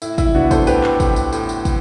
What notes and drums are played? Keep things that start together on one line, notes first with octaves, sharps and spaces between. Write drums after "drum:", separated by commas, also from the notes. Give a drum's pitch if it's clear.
A2 E4, drum: tambourine
E4, drum: kick, tambourine
B3 D4 F#4, drum: tom C3
A4 C5, drum: kick, tambourine
A2 G4 B4, drum: tambourine
drum: clap
A2, drum: kick, tambourine
drum: tambourine
A2, drum: tambourine
drum: tambourine
drum: kick, tambourine